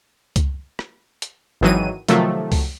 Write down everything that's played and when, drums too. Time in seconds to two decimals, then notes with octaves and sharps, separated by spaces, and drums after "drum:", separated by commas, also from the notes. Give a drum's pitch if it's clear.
0.36 drum: kick C#2, hi-hat
0.79 drum: rim click
1.22 drum: hi-hat
1.61 G#1 D#3 E3 F#3 D#7
2.08 C3 D#3 F3 F#3 A3, drum: hi-hat
2.52 drum: kick C#2, open hi-hat